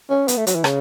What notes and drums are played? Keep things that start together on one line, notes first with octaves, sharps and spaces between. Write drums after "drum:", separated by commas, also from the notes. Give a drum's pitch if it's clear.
C#4
B3, drum: hi-hat
A3
F#3, drum: hi-hat
E3
C#3, drum: rim click